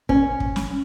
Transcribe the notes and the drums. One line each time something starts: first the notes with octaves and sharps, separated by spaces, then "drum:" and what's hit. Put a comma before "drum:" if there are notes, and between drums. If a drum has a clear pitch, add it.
C#4, drum: kick
drum: kick
drum: snare